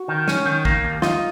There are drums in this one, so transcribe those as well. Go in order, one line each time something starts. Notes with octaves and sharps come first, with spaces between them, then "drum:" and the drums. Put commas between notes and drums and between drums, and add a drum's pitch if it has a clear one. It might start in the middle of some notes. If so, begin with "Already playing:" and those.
Already playing: F#4
D#3
C#4, drum: snare
D#3
A#3, drum: kick
D#2
D#4 F4, drum: snare